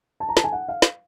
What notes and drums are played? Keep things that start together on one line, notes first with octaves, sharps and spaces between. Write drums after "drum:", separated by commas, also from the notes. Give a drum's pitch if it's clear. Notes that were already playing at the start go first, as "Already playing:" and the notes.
A5
A#5
A5, drum: snare
G#5
F#5
F5
drum: snare